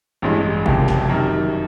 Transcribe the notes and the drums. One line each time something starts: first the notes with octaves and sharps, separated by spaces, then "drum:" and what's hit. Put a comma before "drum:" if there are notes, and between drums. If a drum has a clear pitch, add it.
A1 G2 E3 G#3
F#1 F2 C3, drum: kick G1
drum: snare
F#2 D#3 G3